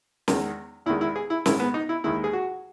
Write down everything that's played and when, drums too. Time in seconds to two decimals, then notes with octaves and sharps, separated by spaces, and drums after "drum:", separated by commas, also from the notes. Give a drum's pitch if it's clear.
0.28 E2 D#3 G#3, drum: snare
0.86 E2 D#3 G#3 E4
1.01 E4
1.16 G#4
1.30 E4
1.46 G#2 D#3 G#3 E4, drum: snare
1.60 B3
1.74 D#4
1.89 E4
2.04 D#2 D#3 G#3 E4
2.24 G#4
2.33 F#4